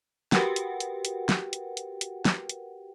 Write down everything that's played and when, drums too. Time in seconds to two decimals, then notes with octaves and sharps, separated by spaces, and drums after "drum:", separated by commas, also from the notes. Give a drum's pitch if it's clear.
0.32 F#4 G4 A#4 B4 F#5 G5, drum: snare
0.56 drum: hi-hat
0.80 drum: hi-hat
1.05 drum: hi-hat
1.29 drum: snare
1.53 drum: hi-hat
1.77 drum: hi-hat
2.01 drum: hi-hat
2.25 drum: snare
2.49 drum: hi-hat